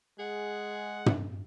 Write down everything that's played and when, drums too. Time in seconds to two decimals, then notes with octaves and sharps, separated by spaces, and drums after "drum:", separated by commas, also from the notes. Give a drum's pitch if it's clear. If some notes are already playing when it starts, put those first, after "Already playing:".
0.19 G#3 G#4 F#5
1.06 drum: tom